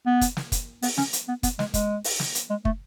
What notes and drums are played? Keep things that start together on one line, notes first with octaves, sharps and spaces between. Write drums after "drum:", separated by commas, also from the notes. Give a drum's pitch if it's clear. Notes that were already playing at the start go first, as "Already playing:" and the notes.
B3
drum: kick, hi-hat
drum: snare
drum: kick, hi-hat
B3, drum: open hi-hat
C#4, drum: snare
drum: hi-hat
B3
B3, drum: kick, hi-hat
G#3, drum: snare
G#3, drum: kick, hi-hat
drum: open hi-hat
drum: snare
drum: hi-hat
G#3
A3, drum: kick